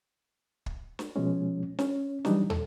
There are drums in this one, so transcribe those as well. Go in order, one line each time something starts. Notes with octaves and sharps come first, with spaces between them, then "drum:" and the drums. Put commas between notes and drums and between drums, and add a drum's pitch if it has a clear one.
drum: kick
drum: snare
B2 F3 G#3 C#4
C#4, drum: snare
E3 F#3 G3 D4 D#4, drum: snare
A4, drum: tom